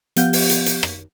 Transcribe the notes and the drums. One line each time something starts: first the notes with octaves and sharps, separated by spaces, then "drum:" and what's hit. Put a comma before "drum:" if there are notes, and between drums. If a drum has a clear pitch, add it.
F3 B3 G4 F5 F#5 G6, drum: hi-hat
drum: open hi-hat
drum: hi-hat
drum: hi-hat
drum: rim click